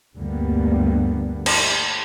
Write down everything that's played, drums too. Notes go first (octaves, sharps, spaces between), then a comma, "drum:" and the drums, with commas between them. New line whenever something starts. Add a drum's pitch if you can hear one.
D2 G2 D3 G3 A#3 B3
drum: cymbal